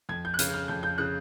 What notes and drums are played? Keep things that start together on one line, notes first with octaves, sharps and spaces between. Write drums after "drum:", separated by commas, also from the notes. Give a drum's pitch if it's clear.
F2 G#6
G6
F#6
C#3 F6, drum: hi-hat
F6
F2 G6
G6
C#3 F#6